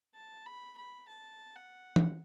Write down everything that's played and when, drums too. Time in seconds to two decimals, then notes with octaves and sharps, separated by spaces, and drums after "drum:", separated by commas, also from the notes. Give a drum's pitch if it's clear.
0.15 A5
0.46 B5
0.77 B5
1.08 A5
1.56 F#5
1.96 drum: tom E3